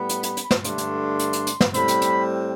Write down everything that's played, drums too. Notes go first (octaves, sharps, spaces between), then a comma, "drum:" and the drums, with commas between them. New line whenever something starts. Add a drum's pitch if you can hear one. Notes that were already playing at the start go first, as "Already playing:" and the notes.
Already playing: A2 G3 B3 B5
drum: hi-hat
drum: hi-hat
drum: hi-hat
drum: snare
G2 D3 A3 D4 C6, drum: hi-hat
drum: hi-hat
drum: hi-hat
drum: hi-hat
drum: hi-hat
drum: snare
A2 G3 C4 B5, drum: hi-hat
drum: hi-hat
drum: hi-hat